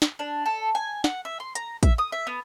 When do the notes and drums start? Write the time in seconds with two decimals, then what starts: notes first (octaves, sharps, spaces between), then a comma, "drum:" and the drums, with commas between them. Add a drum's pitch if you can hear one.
0.02 drum: snare
0.19 D4
0.46 A4
0.75 G#5
1.04 F#5, drum: snare
1.25 E5
1.40 C6
1.55 A#5, drum: hi-hat
1.83 E5, drum: kick, hi-hat
1.98 D#6
2.12 E5
2.27 B3